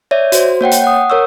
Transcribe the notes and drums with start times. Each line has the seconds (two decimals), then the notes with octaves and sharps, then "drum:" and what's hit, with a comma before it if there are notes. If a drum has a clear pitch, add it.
0.11 C#5 D5 E5
0.32 F#4 C5, drum: hi-hat
0.61 A#3 C#5 F#5 G5
0.71 drum: hi-hat
0.84 F#5 D#6
1.10 A#4 C#5 C#6 E6